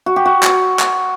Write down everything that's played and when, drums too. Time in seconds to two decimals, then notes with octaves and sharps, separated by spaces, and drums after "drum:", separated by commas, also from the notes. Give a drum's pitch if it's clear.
0.06 F#4
0.16 G4
0.26 F#4
0.43 drum: clap
0.79 drum: clap